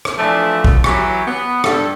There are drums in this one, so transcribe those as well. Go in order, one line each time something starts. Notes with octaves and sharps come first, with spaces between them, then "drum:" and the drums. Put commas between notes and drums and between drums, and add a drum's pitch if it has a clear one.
drum: rim click
E3 F3 A3 D4 D5
drum: kick
E3 F#3 G4, drum: rim click
B3
G2 A4, drum: rim click